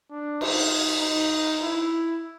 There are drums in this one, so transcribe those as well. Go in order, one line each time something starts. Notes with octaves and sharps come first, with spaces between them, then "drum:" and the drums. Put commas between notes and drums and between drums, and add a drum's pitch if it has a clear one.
D4
D#4, drum: cymbal
D#4
E4